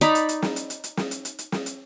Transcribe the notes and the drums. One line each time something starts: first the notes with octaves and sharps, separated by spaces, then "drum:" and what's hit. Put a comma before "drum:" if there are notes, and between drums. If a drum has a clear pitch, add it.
D#4 D5 A#5 B5, drum: hi-hat
drum: hi-hat
drum: hi-hat
drum: snare
drum: hi-hat
drum: hi-hat
drum: hi-hat
drum: snare
drum: hi-hat
drum: hi-hat
drum: hi-hat
drum: snare
drum: hi-hat